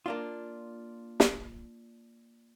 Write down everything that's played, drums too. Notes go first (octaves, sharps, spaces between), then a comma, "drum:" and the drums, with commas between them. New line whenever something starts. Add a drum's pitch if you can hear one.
A#3 D4 F4
drum: snare